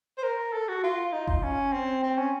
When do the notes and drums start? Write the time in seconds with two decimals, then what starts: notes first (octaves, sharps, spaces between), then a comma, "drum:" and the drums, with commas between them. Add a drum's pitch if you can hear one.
0.18 C5
0.23 A#4
0.53 A4
0.69 F#4
0.84 F4
1.13 D#4
1.27 F4, drum: kick F#1
1.43 C#4
1.73 C4
2.03 C4
2.18 C#4